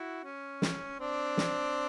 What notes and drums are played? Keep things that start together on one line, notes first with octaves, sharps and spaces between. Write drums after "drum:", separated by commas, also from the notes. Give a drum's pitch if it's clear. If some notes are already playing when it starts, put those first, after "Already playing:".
Already playing: E4 F#4
C#4
drum: snare
C4 D4
drum: snare